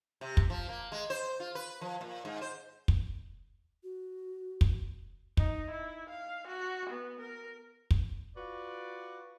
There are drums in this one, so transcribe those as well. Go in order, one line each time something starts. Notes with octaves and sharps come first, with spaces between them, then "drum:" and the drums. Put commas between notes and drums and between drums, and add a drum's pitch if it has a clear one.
C3
drum: kick
F3
A#3
G#3
C5
F4
B4
F3
A#2
G#2
C5
drum: kick
F#4
drum: kick
D#4, drum: kick
E4
F5
F#4
B3
A#4
drum: kick
F4 F#4 B4 D5